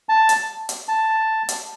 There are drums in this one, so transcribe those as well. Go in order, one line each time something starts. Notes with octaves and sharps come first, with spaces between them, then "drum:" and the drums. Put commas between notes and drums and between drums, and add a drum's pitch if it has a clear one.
A5
drum: hi-hat
drum: hi-hat
A5
drum: hi-hat